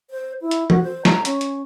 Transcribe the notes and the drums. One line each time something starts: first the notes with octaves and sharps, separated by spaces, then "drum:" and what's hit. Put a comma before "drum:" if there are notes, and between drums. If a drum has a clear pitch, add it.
C5
E4
drum: hi-hat
F#4, drum: tom
C5
A#5, drum: snare
C#4, drum: hi-hat
drum: hi-hat